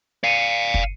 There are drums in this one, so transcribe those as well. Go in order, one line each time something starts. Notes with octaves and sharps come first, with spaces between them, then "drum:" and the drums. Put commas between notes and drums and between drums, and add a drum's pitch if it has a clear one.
D5 F5 C7 C#7 D#7
drum: kick